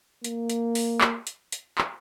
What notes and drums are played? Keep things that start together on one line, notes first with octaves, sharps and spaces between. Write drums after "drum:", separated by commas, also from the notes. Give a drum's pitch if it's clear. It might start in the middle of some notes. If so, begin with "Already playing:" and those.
A#3, drum: hi-hat
drum: hi-hat
drum: open hi-hat
drum: clap
drum: hi-hat
drum: hi-hat
drum: clap